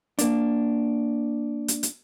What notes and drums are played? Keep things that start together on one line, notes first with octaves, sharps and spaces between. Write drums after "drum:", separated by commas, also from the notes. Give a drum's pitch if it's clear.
A#3 D4, drum: hi-hat
drum: hi-hat
drum: hi-hat